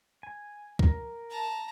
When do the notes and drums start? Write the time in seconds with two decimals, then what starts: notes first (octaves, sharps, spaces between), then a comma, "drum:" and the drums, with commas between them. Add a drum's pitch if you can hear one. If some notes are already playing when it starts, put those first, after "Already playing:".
0.23 G#5
0.79 A#4, drum: kick
1.30 A5 A#5